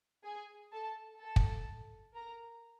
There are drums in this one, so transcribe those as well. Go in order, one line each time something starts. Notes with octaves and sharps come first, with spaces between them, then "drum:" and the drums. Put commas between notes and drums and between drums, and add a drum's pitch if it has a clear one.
G#4 G#5
A4 A5
A4 A5
drum: kick
A#4 A#5